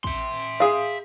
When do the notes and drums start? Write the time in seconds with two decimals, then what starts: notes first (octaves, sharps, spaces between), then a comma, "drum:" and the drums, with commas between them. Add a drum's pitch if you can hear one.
0.04 E5 C6, drum: kick
0.60 G#4 F5